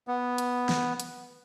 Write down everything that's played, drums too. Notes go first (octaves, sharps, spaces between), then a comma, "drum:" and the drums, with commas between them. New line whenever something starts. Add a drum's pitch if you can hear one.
B3
drum: hi-hat
drum: snare
drum: hi-hat